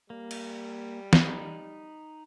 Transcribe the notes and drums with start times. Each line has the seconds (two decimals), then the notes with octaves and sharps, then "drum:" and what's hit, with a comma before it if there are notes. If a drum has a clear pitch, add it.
0.10 G3 A#3
0.31 drum: cymbal
1.13 D#4 B5, drum: snare